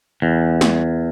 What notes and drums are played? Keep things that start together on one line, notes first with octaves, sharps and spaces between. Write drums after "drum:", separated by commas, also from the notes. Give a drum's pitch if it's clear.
E2
drum: snare